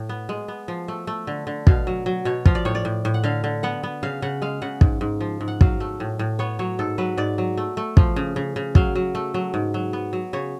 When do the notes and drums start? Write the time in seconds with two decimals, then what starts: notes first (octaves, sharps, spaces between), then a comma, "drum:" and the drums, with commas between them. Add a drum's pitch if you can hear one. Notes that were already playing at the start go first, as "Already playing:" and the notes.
Already playing: A2
0.09 B3
0.29 G#3
0.48 B3
0.68 F3
0.88 A3
1.07 A3
1.27 D3
1.47 D3
1.67 B2 F5, drum: kick
1.87 F#3
2.06 F#3
2.25 B2 C#5
2.46 F3 F5, drum: kick
2.55 D5
2.65 A2 C#5
2.75 D5
2.85 A2
3.05 A2
3.14 F#5
3.24 D3 F5
3.44 D3
3.63 B3 F#5
3.83 B3
4.03 C#3 F5
4.22 C#3 F#5
4.42 G#3 F5
4.62 C#3 F#5
4.81 G#2, drum: kick
5.01 G#2
5.20 F3
5.40 G#2
5.48 F#5
5.61 F#3 F5, drum: kick
5.80 A3
6.00 A2
6.19 A2
6.39 B3 C#5
6.59 F#3 C#5
6.79 G#2 A4
6.98 F#3 B4
7.17 G#2 D5
7.38 F#3
7.57 A3
7.77 A3
7.97 F3, drum: kick
8.16 C#3
8.36 C#3
8.56 C#3
8.75 F#3 F5, drum: kick
8.95 F#3
9.15 A3
9.34 F#3
9.54 G#2
9.74 F#3
9.93 B3
10.13 F#3
10.33 C#3 C#5